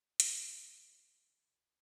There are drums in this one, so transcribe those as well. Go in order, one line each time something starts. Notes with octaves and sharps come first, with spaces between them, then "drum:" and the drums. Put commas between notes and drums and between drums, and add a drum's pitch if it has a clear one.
F#3 D5, drum: hi-hat
D3 F3 G3 B3
D#3 E3 D#4
D#4 E4 F#4 B4 C5 D5
G#6
C2 A4